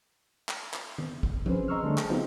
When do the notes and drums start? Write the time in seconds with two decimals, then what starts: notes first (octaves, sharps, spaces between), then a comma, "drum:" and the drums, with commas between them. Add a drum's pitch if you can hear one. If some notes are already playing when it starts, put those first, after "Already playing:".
0.49 drum: clap
0.74 drum: clap
0.98 drum: tom D#3
1.23 drum: kick
1.46 C4 C#4 G#4 B4 C5, drum: tom F3
1.68 D#5 A#5 C6 C#6 E6 F6
1.83 D3 G3 A3 D4 G#4 A4
1.98 G#4 A4 G5 A5, drum: clap
2.10 F#3 B3 C4 D#4 F4